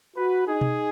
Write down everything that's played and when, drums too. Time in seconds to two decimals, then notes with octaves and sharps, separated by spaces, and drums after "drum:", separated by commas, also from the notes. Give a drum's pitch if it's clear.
0.16 F#4 B4
0.46 D#4 G#4
0.61 drum: tom B2